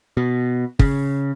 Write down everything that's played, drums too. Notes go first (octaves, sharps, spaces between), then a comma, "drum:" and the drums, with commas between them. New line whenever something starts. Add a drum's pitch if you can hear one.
B2
C#3, drum: kick